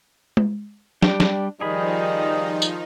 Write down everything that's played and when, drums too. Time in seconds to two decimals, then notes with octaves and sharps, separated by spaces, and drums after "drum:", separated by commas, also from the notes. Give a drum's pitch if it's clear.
0.37 drum: tom
1.02 G3 D4 G4 G5, drum: snare
1.20 drum: snare
1.61 D#3 F3 G3 D#4 G#4 B5
2.62 drum: tambourine